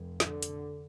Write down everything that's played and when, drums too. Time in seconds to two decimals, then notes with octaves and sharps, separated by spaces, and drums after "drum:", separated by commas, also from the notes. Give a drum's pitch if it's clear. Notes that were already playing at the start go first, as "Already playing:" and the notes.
Already playing: F1 F2
0.20 D3, drum: snare
0.42 drum: hi-hat